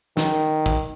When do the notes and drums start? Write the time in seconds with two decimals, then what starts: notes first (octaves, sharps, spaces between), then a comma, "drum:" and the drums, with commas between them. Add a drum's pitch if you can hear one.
0.17 D#3, drum: snare
0.66 drum: kick